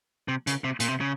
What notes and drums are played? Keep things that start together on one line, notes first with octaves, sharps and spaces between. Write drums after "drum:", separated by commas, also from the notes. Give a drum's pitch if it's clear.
C3
C#3, drum: hi-hat
C3
A#2, drum: hi-hat
C3
C#3